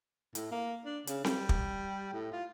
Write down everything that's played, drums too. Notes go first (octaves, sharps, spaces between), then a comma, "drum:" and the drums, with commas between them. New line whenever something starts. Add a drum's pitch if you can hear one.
A2, drum: hi-hat
A#3
D4
C#3, drum: hi-hat
G3, drum: snare C4
drum: kick
A2
F4